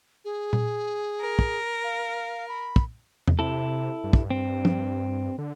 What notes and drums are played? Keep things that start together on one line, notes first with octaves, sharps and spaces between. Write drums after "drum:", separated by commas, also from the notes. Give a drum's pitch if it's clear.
G#4
drum: tom A#2
A#4
drum: kick
F5
B5
drum: kick
drum: tom E2
C3 E4 A4
G2
drum: kick
C4
drum: tom F3
D3